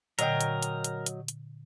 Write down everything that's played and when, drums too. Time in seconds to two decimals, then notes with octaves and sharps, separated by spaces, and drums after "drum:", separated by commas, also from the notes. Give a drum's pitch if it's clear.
0.19 A#2 D3 F#3 A#4 D#5 G5, drum: hi-hat
0.41 drum: hi-hat
0.63 drum: hi-hat
0.84 drum: hi-hat
1.06 drum: hi-hat
1.28 drum: hi-hat